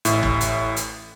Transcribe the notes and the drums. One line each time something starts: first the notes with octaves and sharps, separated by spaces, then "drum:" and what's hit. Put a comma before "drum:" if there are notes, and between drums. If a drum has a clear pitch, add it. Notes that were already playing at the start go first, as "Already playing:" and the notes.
A1 A2, drum: hi-hat
drum: kick
drum: hi-hat
drum: hi-hat